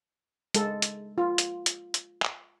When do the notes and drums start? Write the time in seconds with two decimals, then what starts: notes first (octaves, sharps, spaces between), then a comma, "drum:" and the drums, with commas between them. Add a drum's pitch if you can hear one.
0.54 G#3 A4, drum: hi-hat
0.82 drum: hi-hat
1.18 F4
1.38 drum: hi-hat
1.66 drum: hi-hat
1.94 drum: hi-hat
2.22 drum: clap